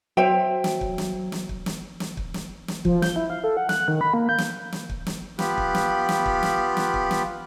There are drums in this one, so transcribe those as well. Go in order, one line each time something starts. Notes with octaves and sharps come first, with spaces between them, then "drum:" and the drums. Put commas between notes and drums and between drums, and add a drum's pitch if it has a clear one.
F#3 C5 E5 G5
drum: snare
drum: kick
drum: snare
drum: snare
drum: kick
drum: snare
drum: snare
drum: kick
drum: snare
drum: snare
F3, drum: kick
G6, drum: snare
E4
F5
A4
F#5
F#6, drum: snare
D#3
B5
A#3
G6
drum: snare
drum: snare
drum: kick
drum: snare
B3 F4 G4 B5 F#6, drum: snare
drum: kick
drum: snare
drum: snare
drum: kick
drum: snare
drum: snare
drum: kick
drum: snare